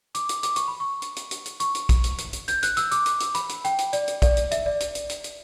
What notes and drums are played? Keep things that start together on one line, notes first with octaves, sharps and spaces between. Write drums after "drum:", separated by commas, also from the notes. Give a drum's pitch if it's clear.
D6, drum: hi-hat
drum: hi-hat
D6, drum: hi-hat
C#6, drum: hi-hat
B5
C#6
drum: hi-hat
drum: hi-hat
drum: hi-hat
drum: hi-hat
C#6, drum: hi-hat
drum: hi-hat
drum: kick B1, hi-hat
drum: hi-hat
drum: hi-hat
drum: hi-hat
G6, drum: hi-hat
F#6, drum: hi-hat
E6, drum: hi-hat
D6, drum: hi-hat
drum: hi-hat
drum: hi-hat
B5, drum: hi-hat
drum: hi-hat
G5, drum: hi-hat
drum: hi-hat
D5, drum: hi-hat
drum: hi-hat
D5, drum: kick B1, hi-hat
drum: hi-hat
E5, drum: hi-hat
D5
drum: hi-hat
drum: hi-hat
drum: hi-hat
drum: hi-hat